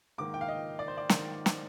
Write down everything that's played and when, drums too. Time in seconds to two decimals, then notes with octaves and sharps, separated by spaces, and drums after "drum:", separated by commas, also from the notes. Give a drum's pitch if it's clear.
0.18 G#2 D#3 A#3 D6
0.34 G5
0.41 F5
0.48 D#5
0.79 D5
0.88 C5
0.97 D5
1.09 G#2 D#3 A#3, drum: snare
1.46 drum: snare